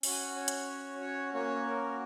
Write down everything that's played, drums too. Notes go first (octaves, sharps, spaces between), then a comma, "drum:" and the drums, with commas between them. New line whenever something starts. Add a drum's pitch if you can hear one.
C#4 F#4, drum: open hi-hat
G#5
F#5
C#5
drum: hi-hat
C#5
A#3 C#4 F#4 C#5
A#4